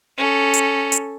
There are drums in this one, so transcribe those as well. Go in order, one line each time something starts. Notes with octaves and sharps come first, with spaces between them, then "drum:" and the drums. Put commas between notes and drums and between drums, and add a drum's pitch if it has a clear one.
C#4 A4
drum: hi-hat
drum: hi-hat